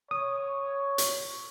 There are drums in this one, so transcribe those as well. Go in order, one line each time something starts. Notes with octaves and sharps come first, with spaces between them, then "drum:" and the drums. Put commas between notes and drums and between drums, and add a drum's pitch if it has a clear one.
C#5 D#6
drum: hi-hat